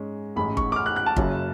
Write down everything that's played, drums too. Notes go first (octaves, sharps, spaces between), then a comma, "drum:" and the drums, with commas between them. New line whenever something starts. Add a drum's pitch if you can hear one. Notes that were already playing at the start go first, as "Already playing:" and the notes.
Already playing: G#2 G#3 C#4
A1 G#2 G#3 C#4 B5
C#6, drum: kick
D6
F6
F#6
F#6
A5
F#1 F#2 C#3, drum: kick